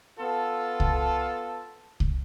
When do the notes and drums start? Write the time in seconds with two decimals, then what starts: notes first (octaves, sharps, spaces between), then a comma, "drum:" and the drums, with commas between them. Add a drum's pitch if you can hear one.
0.20 B3 F4 A4
0.80 drum: kick C2
2.00 drum: kick C2